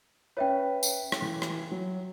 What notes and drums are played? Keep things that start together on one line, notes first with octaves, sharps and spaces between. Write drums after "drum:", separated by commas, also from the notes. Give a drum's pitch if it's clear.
C#4 B4 C#5 E5 G5
drum: tambourine
drum: rim click
E3
drum: rim click
F#3